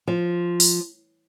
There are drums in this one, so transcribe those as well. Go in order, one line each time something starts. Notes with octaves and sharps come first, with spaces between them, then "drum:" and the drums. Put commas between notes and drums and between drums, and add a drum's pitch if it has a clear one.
F3
drum: open hi-hat